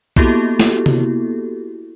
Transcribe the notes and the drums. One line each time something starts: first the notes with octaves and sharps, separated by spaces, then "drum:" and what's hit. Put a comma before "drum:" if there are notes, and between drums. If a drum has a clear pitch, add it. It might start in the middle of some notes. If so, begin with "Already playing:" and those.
A#3 B3 E4 F#4 G4 A4, drum: kick B1
drum: snare
drum: tom C3